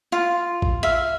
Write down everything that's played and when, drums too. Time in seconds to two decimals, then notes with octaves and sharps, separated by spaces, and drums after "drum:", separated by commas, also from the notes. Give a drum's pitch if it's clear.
0.12 F4
0.62 drum: kick A#1
0.83 E5 F5